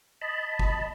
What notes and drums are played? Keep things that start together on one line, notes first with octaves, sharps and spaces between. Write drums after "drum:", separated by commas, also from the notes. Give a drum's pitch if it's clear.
D#5 A5 B5
drum: kick